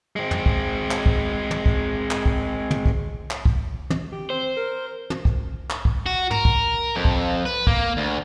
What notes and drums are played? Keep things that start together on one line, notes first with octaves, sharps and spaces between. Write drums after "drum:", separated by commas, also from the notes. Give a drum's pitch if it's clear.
G#3 C4
drum: tom
drum: kick
drum: clap
drum: kick
drum: tom
drum: kick
drum: clap
drum: kick
drum: tom
drum: kick
drum: clap
drum: kick
drum: tom
G4
C4 C5
A#4
drum: tom
drum: kick
drum: clap
drum: kick
F#4
A#4, drum: tom G#2
drum: kick
F2
drum: kick
B4
A#3, drum: kick
D2